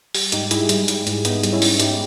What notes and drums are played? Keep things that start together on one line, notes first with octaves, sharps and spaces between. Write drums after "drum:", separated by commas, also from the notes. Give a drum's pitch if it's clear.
G3, drum: open hi-hat
G#2 D#4 G4, drum: hi-hat
G#2 E4 G#4, drum: hi-hat
G3, drum: hi-hat
G3, drum: hi-hat
G#2, drum: hi-hat
G#2 B3 D#4, drum: hi-hat
G3, drum: hi-hat
C#4 E4
G3, drum: open hi-hat
G#2 D#4 G4, drum: hi-hat